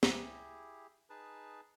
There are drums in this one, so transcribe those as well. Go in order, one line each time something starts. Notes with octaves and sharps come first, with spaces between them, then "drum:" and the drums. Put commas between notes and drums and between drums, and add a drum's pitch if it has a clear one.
E4 G4 G#4, drum: snare
D#4 G#4 B4 A5